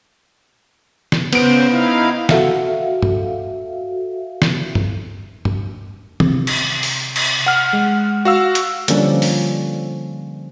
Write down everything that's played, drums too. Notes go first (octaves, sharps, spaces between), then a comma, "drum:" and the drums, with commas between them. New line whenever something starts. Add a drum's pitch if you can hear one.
drum: snare
C#3 B3 C5 D7, drum: cymbal
D#4 E4 F5
F#4 A4 E5 F5, drum: snare
drum: tom
drum: snare
drum: tom
drum: tom
C3, drum: tom
drum: cymbal
drum: open hi-hat
drum: cymbal
F#5 F6
G#3
F#4 F5 E6
drum: hi-hat
D3 F3 G3 A#3 C#4 D4, drum: hi-hat
drum: open hi-hat